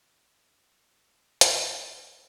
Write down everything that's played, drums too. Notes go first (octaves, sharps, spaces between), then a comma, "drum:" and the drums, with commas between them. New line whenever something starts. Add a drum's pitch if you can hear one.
B1 C#3 G3, drum: hi-hat
G#3 C#4